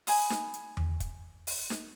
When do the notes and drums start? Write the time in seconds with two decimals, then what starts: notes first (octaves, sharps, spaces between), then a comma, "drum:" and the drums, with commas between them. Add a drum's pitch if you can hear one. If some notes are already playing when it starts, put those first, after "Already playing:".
0.07 G#5 B5 D#6, drum: open hi-hat
0.30 drum: snare D#4
0.54 drum: hi-hat
0.77 drum: tom E2
1.00 drum: kick, hi-hat
1.47 drum: open hi-hat
1.70 drum: snare D#4